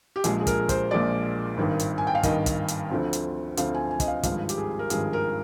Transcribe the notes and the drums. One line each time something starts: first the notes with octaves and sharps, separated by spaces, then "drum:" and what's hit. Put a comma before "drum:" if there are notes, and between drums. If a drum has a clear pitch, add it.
G4
A#1 A#2 F3 G#3 G#4, drum: hi-hat
G#4
A#4, drum: kick, hi-hat
C5, drum: kick, hi-hat
A#1 A#2 F3 G#3 D5
G#1 G2 D#3
drum: hi-hat
G#5
G5
F5
G#1 G2 D#3 D#5, drum: kick, hi-hat
drum: kick, hi-hat
drum: hi-hat
D2 D3 F3 C4
drum: hi-hat
D2 D3 F3 C4 F5, drum: hi-hat
G#5
G#5
D#5, drum: kick, hi-hat
F5
G#1 G2 F3 G#3 F5, drum: kick, hi-hat
G4, drum: hi-hat
G#4
A#4
G#1 G2 F3 G#3 G#4, drum: hi-hat
A#4